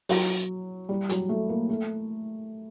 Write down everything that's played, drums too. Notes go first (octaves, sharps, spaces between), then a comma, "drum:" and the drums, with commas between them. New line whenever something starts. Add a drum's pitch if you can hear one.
F#3, drum: open hi-hat
G3
F#3, drum: hi-hat
A3
A#3
A3